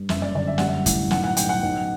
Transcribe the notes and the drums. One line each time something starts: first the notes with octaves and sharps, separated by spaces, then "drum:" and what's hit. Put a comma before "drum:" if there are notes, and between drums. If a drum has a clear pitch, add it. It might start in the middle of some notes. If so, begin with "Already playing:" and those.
Already playing: G2
F#1 E5, drum: snare
D5
D3 D5
E5
G3 F#5, drum: snare
E5
A2, drum: kick, hi-hat
B1 F#5, drum: snare
F#5
B1 G5, drum: hi-hat
F#5
B1